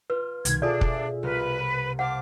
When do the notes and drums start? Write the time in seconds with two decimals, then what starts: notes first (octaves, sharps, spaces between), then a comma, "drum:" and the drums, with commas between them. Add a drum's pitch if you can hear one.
0.10 F4 B4
0.45 C2 B2 D#3 G#6, drum: hi-hat
0.62 D4 F4 G#4 A4 D5 E5
0.81 drum: kick
1.23 C2 A#4 B4 F6
1.99 C5 F5 F#5 A5 D6